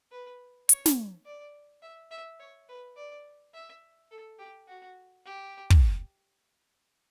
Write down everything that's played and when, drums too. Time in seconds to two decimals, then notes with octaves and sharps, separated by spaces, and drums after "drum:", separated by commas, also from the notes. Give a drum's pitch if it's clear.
0.12 B4
0.69 C#5, drum: hi-hat
0.86 drum: snare
1.26 D5
1.82 E5
2.11 E5
2.40 C#5
2.69 B4
2.96 D5
3.54 E5
4.11 A4
4.39 G4
4.68 F#4
5.26 G4
5.70 drum: kick